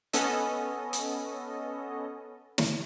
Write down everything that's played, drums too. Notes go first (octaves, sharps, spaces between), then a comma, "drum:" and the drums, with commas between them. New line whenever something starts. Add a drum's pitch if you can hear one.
B3 C#4 A4 D#5, drum: hi-hat
drum: hi-hat
drum: snare